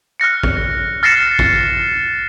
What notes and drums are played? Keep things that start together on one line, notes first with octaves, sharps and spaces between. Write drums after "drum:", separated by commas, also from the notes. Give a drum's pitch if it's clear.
F6 F#6 A#6 C#7
drum: kick
F6 A6 A#6 C7 C#7 E7
drum: kick